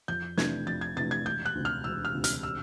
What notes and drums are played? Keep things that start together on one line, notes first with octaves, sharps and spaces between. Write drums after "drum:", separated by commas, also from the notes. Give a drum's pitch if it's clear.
F2 G6
C3 E3 A3 D4 G#6, drum: snare
F2 A6
G#6
C3 E3 A3 D4 A6
G#6
E1 G6
F#6
D2 C3
F6
E1 E6
F6
D2 C3
F6, drum: hi-hat
E6